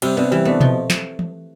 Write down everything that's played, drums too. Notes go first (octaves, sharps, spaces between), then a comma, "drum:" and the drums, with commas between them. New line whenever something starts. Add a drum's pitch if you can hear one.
C3 G3, drum: cymbal
C3 B3 D4
E3 G3
A3 B3 D4
B2 F3, drum: tom B2
drum: snare
drum: tom E3